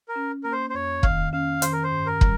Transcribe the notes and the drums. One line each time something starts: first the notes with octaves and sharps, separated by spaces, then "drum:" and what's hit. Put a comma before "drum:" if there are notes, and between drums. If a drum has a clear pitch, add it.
A#4
C#4
A#3 A#4
C5
C5
F2 C#5
D#3 F5, drum: kick
C#4 F5
D#3 C5, drum: hi-hat
A#4
C5
G2
A#4
G3, drum: kick